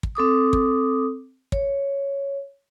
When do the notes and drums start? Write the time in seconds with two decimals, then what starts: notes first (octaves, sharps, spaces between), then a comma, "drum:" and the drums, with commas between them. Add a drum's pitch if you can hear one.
0.03 drum: kick
0.15 C4 A4 D6 D#6
0.53 drum: kick
1.52 C#5, drum: kick